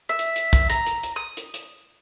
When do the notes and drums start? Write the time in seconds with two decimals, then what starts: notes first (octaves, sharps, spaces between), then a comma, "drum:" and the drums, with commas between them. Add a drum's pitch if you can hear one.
0.09 E5
0.19 drum: hi-hat
0.36 drum: hi-hat
0.53 drum: kick, hi-hat
0.70 A#5, drum: hi-hat
0.86 drum: hi-hat
1.03 drum: hi-hat
1.16 D#6
1.37 drum: hi-hat
1.54 drum: hi-hat